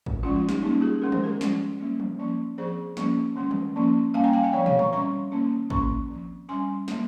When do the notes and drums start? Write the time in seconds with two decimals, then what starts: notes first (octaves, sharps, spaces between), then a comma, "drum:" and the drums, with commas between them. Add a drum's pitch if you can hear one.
0.06 drum: kick A1
0.23 F3 G#3 C#4 F4
0.36 F4
0.49 D#4 G4, drum: snare
0.62 G3 A#3 C#4 D#4 G4
0.81 F4 G#4
1.02 D#3 G#3 C#4 A#4
1.12 C5, drum: tom
1.24 G4 A#4
1.41 F3 G#3 C#4, drum: snare
1.79 G3 A#3 C#4
2.00 drum: tom E3
2.19 F3 A#3 C#4
2.58 F3 C4 G#4 C5
2.97 F3 A#3 C#4, drum: snare
3.36 D#3 G#3 C#4
3.51 drum: tom
3.76 F3 A#3 C#4
4.14 G3 A#3 C#4 F5 G#5
4.24 G5 A#5
4.33 F5 G#5
4.43 D#5 G5
4.53 F3 C4 C#5 F5
4.66 C#5 F5, drum: tom
4.79 A#5 C#6, drum: tom
4.93 G3 C#4 A#5 C#6
5.32 D#3 A#3 C#4
5.70 D#3 A#3 C#4 A#5 C#6, drum: kick A1
6.10 F3 C4
6.49 G3 C#4 G#5 C6
6.88 D#3 G3 A#3, drum: snare